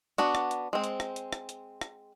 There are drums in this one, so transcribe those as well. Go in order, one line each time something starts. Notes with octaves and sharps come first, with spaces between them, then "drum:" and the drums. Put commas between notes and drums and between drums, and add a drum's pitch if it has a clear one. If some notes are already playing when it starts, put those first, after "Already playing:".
B3 D4 F#4, drum: hi-hat
drum: rim click
drum: hi-hat
G#3 C4
drum: hi-hat
drum: rim click
drum: hi-hat
drum: rim click
drum: hi-hat
drum: rim click